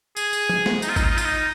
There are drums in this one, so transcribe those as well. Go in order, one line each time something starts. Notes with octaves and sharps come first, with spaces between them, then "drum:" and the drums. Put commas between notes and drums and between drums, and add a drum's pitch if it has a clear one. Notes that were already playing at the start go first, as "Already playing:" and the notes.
G#4, drum: tambourine
drum: tambourine
drum: tom F3
drum: snare
D#4, drum: tambourine
F4
D#4, drum: kick, tambourine
F4
D#4
F4, drum: tambourine
D#4